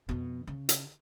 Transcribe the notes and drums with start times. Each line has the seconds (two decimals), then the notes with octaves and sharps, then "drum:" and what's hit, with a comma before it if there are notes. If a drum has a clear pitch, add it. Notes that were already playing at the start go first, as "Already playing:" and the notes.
0.09 F2 B2
0.47 C#3
0.69 drum: hi-hat